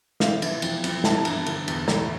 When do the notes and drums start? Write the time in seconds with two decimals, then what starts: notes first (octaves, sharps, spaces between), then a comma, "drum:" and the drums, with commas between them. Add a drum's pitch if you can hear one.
0.20 E3 F5, drum: snare
0.42 E3, drum: cymbal
0.62 F2, drum: cymbal
0.84 F2, drum: cymbal
1.04 E3 A5, drum: snare
1.18 A#5
1.25 G2 A5, drum: cymbal
1.46 D3, drum: cymbal
1.68 E2, drum: cymbal
1.88 A2 A#5, drum: snare